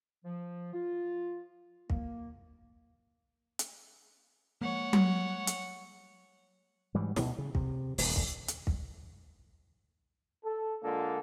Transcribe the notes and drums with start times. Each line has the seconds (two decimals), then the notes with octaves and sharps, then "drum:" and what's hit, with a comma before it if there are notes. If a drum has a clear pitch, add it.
0.25 F3
0.73 F4
1.90 A#3, drum: kick
3.59 drum: hi-hat
4.61 F3 G#3 A#3 C#5 F#5
4.93 drum: tom F#3
5.47 drum: hi-hat
6.94 G#2 E3 F#3 G3
7.16 D2 B2, drum: snare
7.38 C#3
7.55 C3, drum: kick
7.98 D#1 D2, drum: open hi-hat
8.16 drum: kick
8.48 drum: hi-hat
8.67 drum: kick
10.44 A4
10.83 D3 G#3 A#3 D4 F4 A4